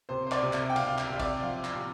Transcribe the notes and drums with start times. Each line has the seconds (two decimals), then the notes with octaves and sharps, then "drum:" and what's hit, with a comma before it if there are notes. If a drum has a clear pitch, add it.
0.09 C3 C5
0.27 C5
0.32 D5, drum: clap
0.43 C3
0.53 E5, drum: clap
0.70 G5
0.76 C3 F5, drum: cymbal
0.87 F5
0.98 E5, drum: clap
1.09 C3 E5
1.19 D5, drum: kick, cymbal
1.42 F3 F5
1.65 drum: clap
1.75 C3